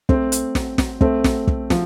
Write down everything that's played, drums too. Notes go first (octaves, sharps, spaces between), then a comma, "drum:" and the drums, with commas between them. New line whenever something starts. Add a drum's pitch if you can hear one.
A3 C4, drum: kick
drum: hi-hat
drum: snare
drum: snare
A3 C4, drum: kick
drum: snare
drum: kick
F3, drum: snare